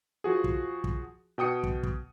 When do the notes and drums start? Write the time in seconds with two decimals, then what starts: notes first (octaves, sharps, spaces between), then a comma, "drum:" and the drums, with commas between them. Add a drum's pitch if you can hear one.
0.24 F3 F#4 G#4
0.44 drum: kick
0.84 drum: kick
1.38 B2 G5 D#6 C#7
1.63 drum: kick
1.83 drum: kick